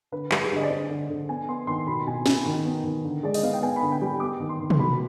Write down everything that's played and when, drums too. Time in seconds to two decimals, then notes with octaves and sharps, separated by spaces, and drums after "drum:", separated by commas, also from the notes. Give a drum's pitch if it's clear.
0.12 D3 B4
0.31 G3, drum: clap
0.42 G#4
0.52 D3 D#5
0.63 D5
0.70 D3 C5
0.90 D3
1.10 D3
1.29 B3 G#5
1.49 B3 C6
1.67 D#3 C6
1.87 B2 B5
2.07 B2 G#5
2.26 B2 G#5, drum: snare
2.46 D#3
2.65 B3
2.84 D#3
3.05 D3
3.23 G#3 D5
3.34 D#5, drum: open hi-hat
3.43 B3 F5
3.53 G5
3.62 B3 G#5
3.76 B5
3.82 D3
3.92 G5
4.02 G3 B5
4.20 B3 D6
4.40 D#3
4.49 C6
4.60 D#3
4.70 drum: tom
4.79 B2 B5